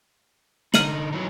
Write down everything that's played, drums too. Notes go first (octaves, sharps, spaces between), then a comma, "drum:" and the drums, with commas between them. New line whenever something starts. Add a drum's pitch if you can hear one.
D3 D#4 F6 D#7 F#7, drum: snare
E3 F#3 D#4